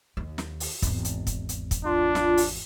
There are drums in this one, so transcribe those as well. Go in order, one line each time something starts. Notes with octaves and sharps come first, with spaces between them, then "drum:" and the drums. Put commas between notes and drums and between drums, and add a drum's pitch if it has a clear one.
D#2
drum: snare
drum: open hi-hat
G#1 E2, drum: kick, hi-hat
drum: hi-hat
drum: kick, hi-hat
drum: hi-hat
drum: kick, hi-hat
D4 F4
drum: snare
drum: open hi-hat